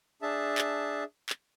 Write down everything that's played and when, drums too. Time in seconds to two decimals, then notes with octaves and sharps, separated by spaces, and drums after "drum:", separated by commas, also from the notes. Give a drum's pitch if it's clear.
0.22 D4 G#4 E5 A5
0.58 drum: clap
1.29 drum: clap